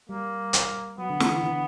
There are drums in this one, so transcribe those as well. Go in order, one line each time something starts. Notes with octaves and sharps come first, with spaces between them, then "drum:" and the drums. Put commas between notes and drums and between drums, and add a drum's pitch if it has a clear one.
G3 A#3
drum: hi-hat
F#3 B3
D3
E3, drum: snare
D3